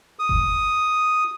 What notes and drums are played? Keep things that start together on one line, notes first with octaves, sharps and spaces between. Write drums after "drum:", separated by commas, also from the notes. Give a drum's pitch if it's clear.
D#6
drum: kick F#1